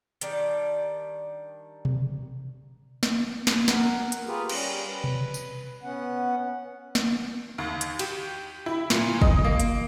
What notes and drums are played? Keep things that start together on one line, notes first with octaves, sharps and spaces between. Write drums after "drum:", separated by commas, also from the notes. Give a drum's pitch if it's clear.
D#3 G3 D4, drum: hi-hat
drum: tom B2
drum: snare
drum: snare
A#4 F#5, drum: snare
drum: hi-hat
F4 G4 G#4 A#4 B4
G3 C#4, drum: cymbal
B4
drum: tom B2
drum: tambourine
B3 C#4 F#5
drum: snare
D#2
drum: hi-hat
G4, drum: cymbal
E4
A#2, drum: snare
D#5, drum: kick
A#3
drum: hi-hat